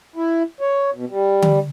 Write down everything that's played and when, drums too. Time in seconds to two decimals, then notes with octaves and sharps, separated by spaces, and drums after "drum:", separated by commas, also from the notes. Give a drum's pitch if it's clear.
0.16 E4
0.61 C#5
0.94 B2
1.10 G3
1.42 drum: tom D3